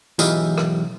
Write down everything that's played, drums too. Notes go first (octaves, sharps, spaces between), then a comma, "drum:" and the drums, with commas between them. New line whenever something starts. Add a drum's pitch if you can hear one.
B1 G#2 E3 F4 G4 D#5, drum: tambourine
drum: rim click